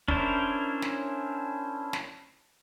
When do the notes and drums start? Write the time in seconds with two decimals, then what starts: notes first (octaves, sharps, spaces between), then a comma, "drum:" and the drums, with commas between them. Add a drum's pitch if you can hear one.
0.08 C#4 D4 E4 A#4 C5, drum: kick
0.82 drum: snare
1.93 drum: snare